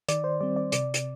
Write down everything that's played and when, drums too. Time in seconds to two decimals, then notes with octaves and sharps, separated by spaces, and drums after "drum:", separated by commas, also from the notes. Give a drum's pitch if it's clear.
0.09 D#3 D5, drum: hi-hat
0.24 C5
0.41 G3 C4 D5
0.56 D5
0.72 C3 D5, drum: hi-hat
0.94 drum: hi-hat